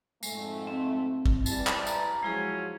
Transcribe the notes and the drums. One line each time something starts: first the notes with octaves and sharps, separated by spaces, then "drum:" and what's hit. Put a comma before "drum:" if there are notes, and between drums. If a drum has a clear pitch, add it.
F2 G#2 G#3 A3, drum: tambourine
C4
drum: kick
E3 G3 E4 A5, drum: tambourine
drum: clap
A#5, drum: tambourine
F3 F#3 G#3 C#4 E4 G#4